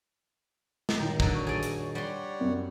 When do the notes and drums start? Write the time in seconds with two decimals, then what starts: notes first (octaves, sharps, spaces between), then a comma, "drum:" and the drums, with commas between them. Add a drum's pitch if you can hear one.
0.89 drum: snare
0.99 D#1 D#4 G5 A#5
1.20 D3 F#3 D#5 A#5, drum: kick
1.34 F#4 C#5
1.47 G#4 D5 D#5
1.63 drum: hi-hat
1.95 G3 C#5 D5 F#5 C6
2.41 F#2